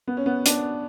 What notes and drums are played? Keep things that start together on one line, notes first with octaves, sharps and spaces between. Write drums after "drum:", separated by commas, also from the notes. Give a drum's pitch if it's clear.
B3
C#4
B3
D4, drum: hi-hat